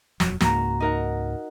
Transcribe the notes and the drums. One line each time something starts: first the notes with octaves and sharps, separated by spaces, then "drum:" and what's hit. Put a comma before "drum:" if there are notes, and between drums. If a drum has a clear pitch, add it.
E1 F2 F#3, drum: snare
C#2 G#2 A#3 F#4 A#5, drum: snare
D#4 A#4 F#5